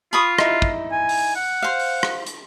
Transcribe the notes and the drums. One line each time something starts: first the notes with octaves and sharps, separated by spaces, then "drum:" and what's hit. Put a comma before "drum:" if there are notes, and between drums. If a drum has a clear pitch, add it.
F4 B5 C#6 D#6
D#4 E4, drum: rim click
drum: kick
G#5
drum: open hi-hat
F#5
C5 F5
drum: open hi-hat
drum: rim click
drum: hi-hat